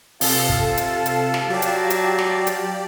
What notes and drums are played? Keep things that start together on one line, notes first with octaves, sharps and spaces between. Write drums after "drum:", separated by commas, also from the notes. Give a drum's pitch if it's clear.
C3 F4 A4 F5 A5, drum: open hi-hat
drum: kick
drum: hi-hat
drum: hi-hat
drum: snare
F#3 G4 D5
drum: hi-hat
drum: hi-hat
drum: snare
drum: hi-hat